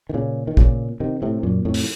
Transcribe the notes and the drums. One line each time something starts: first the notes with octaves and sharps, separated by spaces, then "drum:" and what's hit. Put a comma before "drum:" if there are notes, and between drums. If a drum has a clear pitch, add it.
D#3
A#2 C#3
D#3
A#2 C#3, drum: kick
C3 D#3
A2 C3
F#2 A#2
F2 A2
drum: open hi-hat